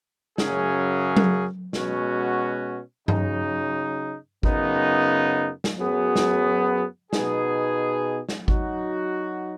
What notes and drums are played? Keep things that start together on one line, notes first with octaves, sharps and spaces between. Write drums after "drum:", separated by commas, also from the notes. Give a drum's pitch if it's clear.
F#2 C#3 F#3 C#4 G#4, drum: snare
drum: tom F#3
B2 G#3 C#4 F#4, drum: snare
C#3 F#3 D#4, drum: tom G2
F#2 C#3 B3 D#4, drum: kick G#1
drum: snare
F#2 F#3 B3 G#4
drum: snare
B2 B3 D#4 G#4, drum: snare
drum: snare
F#3 D#4 F#4, drum: kick G#1